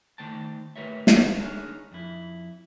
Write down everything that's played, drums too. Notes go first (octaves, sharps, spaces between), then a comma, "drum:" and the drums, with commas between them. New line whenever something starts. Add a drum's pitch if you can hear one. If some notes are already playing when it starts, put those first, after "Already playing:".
D#3 A3 C5 G5 A5
A3 G4 A#4 B4 C#5 E5
drum: snare
D4 D#4 G#4 A#4 C#5
F2 E4